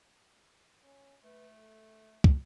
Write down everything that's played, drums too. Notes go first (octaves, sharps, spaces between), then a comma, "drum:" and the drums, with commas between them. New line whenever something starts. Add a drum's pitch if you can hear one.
C#4
A3 B4
A4
drum: kick